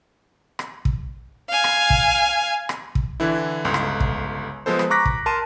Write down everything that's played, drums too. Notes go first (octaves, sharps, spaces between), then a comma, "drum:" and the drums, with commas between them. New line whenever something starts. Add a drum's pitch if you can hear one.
drum: rim click
drum: kick
F5 G#5
drum: rim click
drum: kick
drum: rim click
drum: kick
D3 E3 E4
G1 C#2 A4 C6
drum: rim click
drum: kick
F3 G#3 B3 A4 C5
drum: rim click
A#5 C#6 D6 F#6 A#6 B6
drum: kick
A#4 A5 C6 D#7 E7